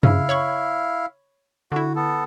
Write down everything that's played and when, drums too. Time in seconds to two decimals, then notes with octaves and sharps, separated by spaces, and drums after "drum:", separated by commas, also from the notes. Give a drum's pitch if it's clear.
0.03 C#3 E4 F5, drum: tom F#2
0.29 C#5 B5 C#6
1.72 D3 E4 F#4
1.96 B3 A4